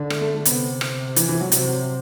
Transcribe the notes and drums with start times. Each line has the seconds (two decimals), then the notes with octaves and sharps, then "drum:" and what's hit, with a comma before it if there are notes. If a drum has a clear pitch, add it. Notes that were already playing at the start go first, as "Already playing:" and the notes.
Already playing: D3
0.10 A3, drum: rim click
0.21 A3
0.34 A3
0.45 C3 B3, drum: hi-hat
0.81 drum: rim click
1.16 E3, drum: hi-hat
1.29 E3
1.41 F#3
1.52 C3 F#3, drum: hi-hat